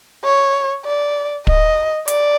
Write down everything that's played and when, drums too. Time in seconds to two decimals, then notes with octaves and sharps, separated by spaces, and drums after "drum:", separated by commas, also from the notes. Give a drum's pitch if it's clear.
0.25 C#5
0.85 D5
1.47 D#5, drum: kick
2.08 D5, drum: hi-hat